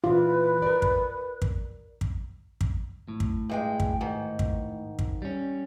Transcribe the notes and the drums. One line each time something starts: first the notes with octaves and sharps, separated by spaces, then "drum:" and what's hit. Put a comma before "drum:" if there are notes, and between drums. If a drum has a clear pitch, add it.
A#2 E3 F4 B4
A#4 D5
drum: kick
drum: kick
drum: kick
drum: kick
A2
drum: kick
G2 G#3 G5
drum: kick
G#2 D#3
drum: kick
drum: kick
G3 C#4